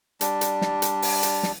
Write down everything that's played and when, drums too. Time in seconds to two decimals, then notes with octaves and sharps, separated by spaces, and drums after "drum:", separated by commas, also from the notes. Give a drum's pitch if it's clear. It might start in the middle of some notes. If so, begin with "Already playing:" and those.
0.21 G3 D4, drum: hi-hat
0.41 drum: hi-hat
0.62 drum: snare
0.82 drum: hi-hat
1.02 drum: open hi-hat
1.23 drum: hi-hat
1.43 drum: snare